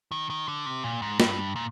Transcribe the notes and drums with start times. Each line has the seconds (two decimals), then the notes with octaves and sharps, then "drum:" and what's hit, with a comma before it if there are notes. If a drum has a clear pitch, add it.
0.12 D#3
0.30 D#3
0.48 D3
0.66 C3
0.84 A#2
1.02 G#2
1.20 G2, drum: snare
1.56 A#2